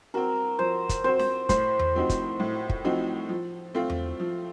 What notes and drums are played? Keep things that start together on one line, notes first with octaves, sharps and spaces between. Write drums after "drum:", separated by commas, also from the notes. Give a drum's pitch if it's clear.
C4 F#4 A#4
F3 C5
drum: kick, hi-hat
C4 F#4 C5
drum: snare
A2 C5, drum: kick, hi-hat
drum: tom E2
F3 C4 D#4 F#4
drum: kick, hi-hat
A2
drum: kick
F3 C4 D#4 F#4
F3
A3 C4 F4
drum: tom E2
F3